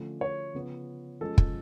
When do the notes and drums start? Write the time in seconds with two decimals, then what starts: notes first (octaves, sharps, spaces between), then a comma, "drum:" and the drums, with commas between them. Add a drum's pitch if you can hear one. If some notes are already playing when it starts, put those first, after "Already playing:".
Already playing: D3 F3 A3 C#4
0.21 C#5
0.55 C#3 F3 B3
1.21 F3 G#3 C#4 A4
1.38 drum: kick